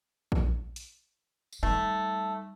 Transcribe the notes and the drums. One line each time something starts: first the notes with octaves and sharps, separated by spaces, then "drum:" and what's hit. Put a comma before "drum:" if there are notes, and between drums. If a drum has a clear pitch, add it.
drum: kick A#1
drum: hi-hat
drum: tambourine
G3 A3 D#4